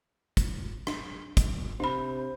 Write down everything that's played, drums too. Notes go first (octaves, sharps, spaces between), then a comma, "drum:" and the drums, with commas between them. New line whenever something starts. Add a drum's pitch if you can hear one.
drum: kick, hi-hat
D4, drum: rim click
drum: kick, hi-hat
C3 D4 C5 B5